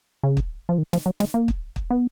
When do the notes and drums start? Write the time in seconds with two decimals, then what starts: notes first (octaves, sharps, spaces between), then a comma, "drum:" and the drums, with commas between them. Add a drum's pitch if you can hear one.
0.23 C#3
0.37 drum: kick
0.69 F3
0.78 D#3
0.93 F3, drum: snare
1.06 F#3
1.20 G#3, drum: snare
1.34 A#3
1.48 drum: kick
1.76 drum: kick
1.91 B3